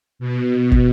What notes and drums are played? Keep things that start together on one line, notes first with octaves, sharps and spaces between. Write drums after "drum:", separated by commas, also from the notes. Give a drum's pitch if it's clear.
B2
drum: kick